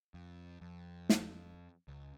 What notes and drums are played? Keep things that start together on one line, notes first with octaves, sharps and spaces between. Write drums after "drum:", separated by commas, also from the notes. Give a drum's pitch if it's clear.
F2
F2
drum: snare
C#2